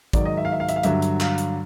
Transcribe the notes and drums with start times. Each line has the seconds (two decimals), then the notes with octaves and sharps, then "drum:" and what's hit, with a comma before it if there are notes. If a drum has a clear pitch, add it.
0.13 G#2 D#3 F#3 D5, drum: kick, hi-hat
0.25 D#5
0.37 E5
0.45 F5
0.52 E5
0.60 F5
0.69 E5, drum: hi-hat
0.76 F5
0.83 G2 D3 F#3 E5, drum: hi-hat
1.02 drum: hi-hat
1.20 F5, drum: clap
1.38 drum: hi-hat